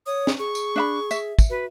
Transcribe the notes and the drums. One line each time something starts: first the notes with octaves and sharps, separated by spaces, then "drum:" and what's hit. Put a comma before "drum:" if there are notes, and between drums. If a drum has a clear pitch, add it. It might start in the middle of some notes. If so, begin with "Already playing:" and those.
C#5 D#6
drum: snare
G#4 C#6
drum: tambourine
D4 E5 B5
E5, drum: tambourine
drum: kick, tambourine
F#4 B4